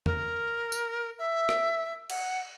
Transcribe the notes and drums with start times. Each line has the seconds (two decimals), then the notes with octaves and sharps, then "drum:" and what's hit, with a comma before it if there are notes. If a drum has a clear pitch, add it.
0.06 A#4, drum: tom E2
0.72 drum: tambourine
1.19 E5
1.49 drum: rim click
2.10 F#5, drum: cymbal